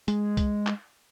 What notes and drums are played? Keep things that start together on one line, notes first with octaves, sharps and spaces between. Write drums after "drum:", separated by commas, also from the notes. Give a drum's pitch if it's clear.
G#3, drum: hi-hat
drum: kick, hi-hat
drum: clap